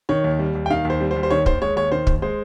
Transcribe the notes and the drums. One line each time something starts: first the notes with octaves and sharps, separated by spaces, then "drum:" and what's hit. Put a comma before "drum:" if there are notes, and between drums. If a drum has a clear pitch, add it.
D#3 C#5
D#2
G3
D#2
G5
D#3 F5
D#2 C5
G3
C5
D#2
C5
D#3 C#5
D#2 C5, drum: kick
G#3 C#5
D#2 C#5
D#3 C5
D#2, drum: kick
G#3 C5